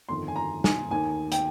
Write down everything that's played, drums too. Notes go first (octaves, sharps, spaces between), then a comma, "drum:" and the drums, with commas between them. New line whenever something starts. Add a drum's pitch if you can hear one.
G1 F2 D#3 C6
G#5
A#5
G#5, drum: snare
D#2 D#3 G#5
G5, drum: hi-hat